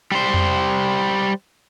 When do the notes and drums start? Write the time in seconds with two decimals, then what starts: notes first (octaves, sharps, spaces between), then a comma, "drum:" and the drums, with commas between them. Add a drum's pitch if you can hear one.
0.12 G3 C5
0.34 drum: tom F2